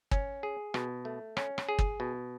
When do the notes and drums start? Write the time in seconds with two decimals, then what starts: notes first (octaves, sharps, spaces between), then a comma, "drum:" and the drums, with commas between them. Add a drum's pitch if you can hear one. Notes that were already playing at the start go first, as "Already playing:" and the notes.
0.11 C#4, drum: kick
0.43 G#4
0.74 B2, drum: rim click
1.05 A3
1.37 C#4, drum: rim click
1.58 drum: rim click
1.69 G#4
1.79 drum: kick
2.00 B2